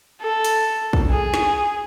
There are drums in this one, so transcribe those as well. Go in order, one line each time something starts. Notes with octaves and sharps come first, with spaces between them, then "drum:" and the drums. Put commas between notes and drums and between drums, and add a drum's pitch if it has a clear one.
A4
drum: open hi-hat
drum: kick
G#4
drum: snare